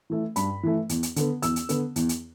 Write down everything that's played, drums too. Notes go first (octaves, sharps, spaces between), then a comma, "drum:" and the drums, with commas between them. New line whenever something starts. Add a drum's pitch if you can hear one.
E3 A3
G2 B5, drum: hi-hat
E3 A3
E2, drum: hi-hat
drum: hi-hat
D3 B3, drum: hi-hat
E2 E6, drum: hi-hat
drum: hi-hat
D3 B3, drum: hi-hat
E2, drum: hi-hat
drum: hi-hat